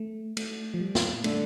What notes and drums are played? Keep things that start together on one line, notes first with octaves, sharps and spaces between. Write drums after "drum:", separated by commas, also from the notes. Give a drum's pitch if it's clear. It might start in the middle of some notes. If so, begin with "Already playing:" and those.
Already playing: A3
A3, drum: cymbal
F3
G3
drum: snare
D3 A3, drum: cymbal